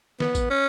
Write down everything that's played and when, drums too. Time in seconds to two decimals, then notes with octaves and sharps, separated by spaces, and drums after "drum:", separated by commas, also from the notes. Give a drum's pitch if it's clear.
0.20 B3, drum: snare
0.35 drum: kick, tambourine
0.50 C#4